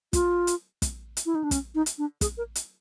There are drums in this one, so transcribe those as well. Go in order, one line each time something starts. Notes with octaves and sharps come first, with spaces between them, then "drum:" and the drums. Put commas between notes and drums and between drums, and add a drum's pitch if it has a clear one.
F4, drum: kick, hi-hat
drum: hi-hat
drum: kick, hi-hat
drum: hi-hat
E4
D#4
D4
C#4, drum: kick, hi-hat
D#4
drum: hi-hat
D4
G#4, drum: kick, hi-hat
A#4
drum: hi-hat